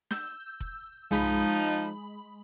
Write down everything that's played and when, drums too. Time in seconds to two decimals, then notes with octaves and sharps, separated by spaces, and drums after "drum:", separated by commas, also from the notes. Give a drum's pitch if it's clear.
0.11 E6 G6, drum: snare
0.60 drum: kick F1
1.11 F3 G#3 D#4 B5, drum: tom